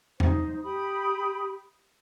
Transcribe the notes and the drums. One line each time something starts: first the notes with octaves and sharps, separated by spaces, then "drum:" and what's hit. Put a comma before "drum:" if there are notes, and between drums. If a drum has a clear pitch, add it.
D#4 C5, drum: tom E2
G4 B5 D#6